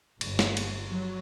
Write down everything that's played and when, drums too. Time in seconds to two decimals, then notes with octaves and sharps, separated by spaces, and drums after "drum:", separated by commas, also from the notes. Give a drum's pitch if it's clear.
0.21 G1, drum: cymbal
0.39 drum: snare
0.57 drum: cymbal
0.89 F#3